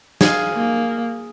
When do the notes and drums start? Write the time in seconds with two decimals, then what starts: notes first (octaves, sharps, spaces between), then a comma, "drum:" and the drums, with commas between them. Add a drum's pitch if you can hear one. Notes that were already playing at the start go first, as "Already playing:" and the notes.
0.21 G#4 F5, drum: snare
0.54 A#3